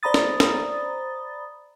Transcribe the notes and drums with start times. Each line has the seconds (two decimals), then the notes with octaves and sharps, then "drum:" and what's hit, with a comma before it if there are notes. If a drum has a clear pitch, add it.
0.03 C5 D5 A#5 B5 D#6 A6
0.14 drum: snare
0.40 drum: snare